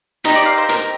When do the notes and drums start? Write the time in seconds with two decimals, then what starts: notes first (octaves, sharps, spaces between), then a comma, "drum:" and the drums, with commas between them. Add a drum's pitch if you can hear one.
0.24 C4 D#4 G4 D#5, drum: hi-hat
0.35 D5
0.46 F5
0.58 C5
0.69 A#4, drum: hi-hat